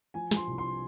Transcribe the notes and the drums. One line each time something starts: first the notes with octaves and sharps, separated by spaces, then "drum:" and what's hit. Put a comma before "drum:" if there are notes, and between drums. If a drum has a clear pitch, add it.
F3 G#5
F3 C6, drum: snare
C2
C6